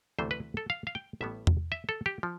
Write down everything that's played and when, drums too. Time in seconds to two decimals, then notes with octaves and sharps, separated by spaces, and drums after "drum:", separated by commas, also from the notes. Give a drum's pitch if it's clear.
0.19 D2 C3 E3 A3 C5
0.31 B4
0.57 A4
0.70 F5
0.87 F5
0.95 G5
1.21 A1 A2 G3 B3 E5
1.47 drum: tom E2
1.72 E5
1.89 A4
2.06 G4
2.23 F3